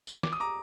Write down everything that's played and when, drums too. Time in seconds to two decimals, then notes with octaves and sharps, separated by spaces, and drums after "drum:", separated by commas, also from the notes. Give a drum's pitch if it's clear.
0.07 drum: tambourine
0.23 D6, drum: snare
0.32 D#6
0.40 A#5 D6